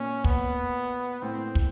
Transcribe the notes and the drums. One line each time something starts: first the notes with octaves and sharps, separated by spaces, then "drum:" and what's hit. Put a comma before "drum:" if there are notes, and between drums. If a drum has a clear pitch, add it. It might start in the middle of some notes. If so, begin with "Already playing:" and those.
Already playing: A#2 C#4
B3, drum: kick
A2 C4
drum: kick